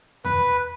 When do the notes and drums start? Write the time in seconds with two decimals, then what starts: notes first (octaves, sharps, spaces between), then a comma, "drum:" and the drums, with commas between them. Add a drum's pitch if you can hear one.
0.25 B4, drum: tom E2